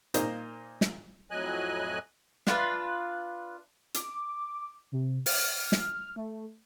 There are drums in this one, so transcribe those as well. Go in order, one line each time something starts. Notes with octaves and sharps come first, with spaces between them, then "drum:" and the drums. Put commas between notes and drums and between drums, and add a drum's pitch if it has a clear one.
A#2 A#3 D#4 C5, drum: hi-hat
drum: snare
F2 A2 F#3 D#5 G#5 F#6
D4 F4 B4, drum: snare
D6, drum: hi-hat
C3
F6, drum: open hi-hat
drum: snare
A3